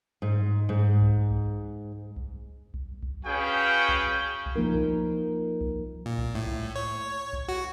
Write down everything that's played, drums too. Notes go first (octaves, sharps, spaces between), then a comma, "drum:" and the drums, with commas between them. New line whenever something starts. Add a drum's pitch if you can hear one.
G#2
G#2
drum: kick B1
drum: kick B1
drum: kick B1
drum: kick B1
drum: kick B1
C#4 F#4 G#4 B4 F5 G5
drum: kick B1
drum: kick B1
F3 A#3 D#4 A#4
drum: kick B1
drum: kick B1
A#2
drum: kick B1
A2
drum: kick B1
C#5
drum: kick B1
F#4